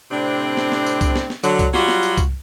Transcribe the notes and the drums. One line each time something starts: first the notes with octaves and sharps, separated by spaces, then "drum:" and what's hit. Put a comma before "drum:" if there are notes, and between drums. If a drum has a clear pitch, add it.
A2 C3 C4 D4
drum: snare
drum: snare
drum: tambourine
drum: kick C2, tambourine
drum: snare
drum: snare
D3 F#3, drum: tambourine
drum: kick C2, tambourine
F#3 G3 F4 F#4, drum: snare
drum: snare
drum: tambourine
drum: kick C2, tambourine